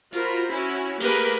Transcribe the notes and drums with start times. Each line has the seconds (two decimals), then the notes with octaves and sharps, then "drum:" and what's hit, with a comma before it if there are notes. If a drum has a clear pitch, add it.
0.13 F4 F#4 A#4 C5 B5, drum: hi-hat
0.49 C#4 E4 F#4
1.00 A3 A#3 G4 G#4 A#4 B4, drum: cymbal